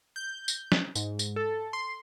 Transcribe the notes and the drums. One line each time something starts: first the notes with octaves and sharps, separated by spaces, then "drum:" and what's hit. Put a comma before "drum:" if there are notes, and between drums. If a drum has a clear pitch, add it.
G6
drum: tambourine
drum: snare
G#2, drum: tambourine
drum: tambourine
A4
C6